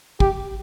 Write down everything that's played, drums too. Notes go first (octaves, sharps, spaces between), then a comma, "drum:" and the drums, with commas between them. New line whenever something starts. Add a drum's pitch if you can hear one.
G4, drum: kick